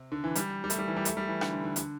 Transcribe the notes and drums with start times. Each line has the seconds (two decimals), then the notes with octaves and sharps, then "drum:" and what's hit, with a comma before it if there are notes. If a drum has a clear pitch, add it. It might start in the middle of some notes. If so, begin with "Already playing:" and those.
Already playing: C3
0.12 D3
0.24 E3
0.35 G3, drum: hi-hat
0.64 G3
0.70 A3, drum: hi-hat
0.79 G3
0.88 E3
0.96 G3
1.05 A3, drum: hi-hat
1.17 G3
1.28 E3
1.41 D3, drum: rim click
1.52 D3
1.64 D3
1.76 drum: hi-hat